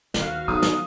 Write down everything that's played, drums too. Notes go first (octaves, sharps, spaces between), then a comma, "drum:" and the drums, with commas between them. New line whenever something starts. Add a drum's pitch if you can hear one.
D#2 F#4 B4 F5, drum: snare
B1 F3 D#6
drum: snare